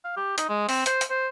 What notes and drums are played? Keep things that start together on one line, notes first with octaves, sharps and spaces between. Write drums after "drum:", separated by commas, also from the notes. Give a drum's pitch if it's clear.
F5
G4
D#4, drum: hi-hat
G#3
C4, drum: open hi-hat
C5, drum: hi-hat
drum: hi-hat
C5